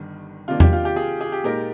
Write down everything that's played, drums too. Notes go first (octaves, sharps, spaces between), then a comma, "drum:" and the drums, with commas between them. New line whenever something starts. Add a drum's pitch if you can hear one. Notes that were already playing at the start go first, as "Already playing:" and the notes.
Already playing: G1 G2 D#3
C3 D#3 A#3 D4 F4
G4, drum: tom E2
F4
G4
G#4
G#4
G4
A#2 G#3 D#4 G4 A#4